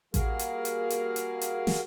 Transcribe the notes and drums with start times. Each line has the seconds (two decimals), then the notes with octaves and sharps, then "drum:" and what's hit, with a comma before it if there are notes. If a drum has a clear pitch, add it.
0.14 G3 A#3 F#4 G#4 A#4 F5, drum: kick A1, hi-hat
0.39 drum: hi-hat
0.65 drum: hi-hat
0.90 drum: hi-hat
1.16 drum: hi-hat
1.41 drum: hi-hat
1.67 drum: snare